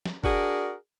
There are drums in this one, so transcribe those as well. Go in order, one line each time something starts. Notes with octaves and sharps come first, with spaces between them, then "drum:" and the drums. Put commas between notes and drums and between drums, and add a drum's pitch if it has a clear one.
drum: snare
D4 F#4 G#4 A#4 D5, drum: kick F#1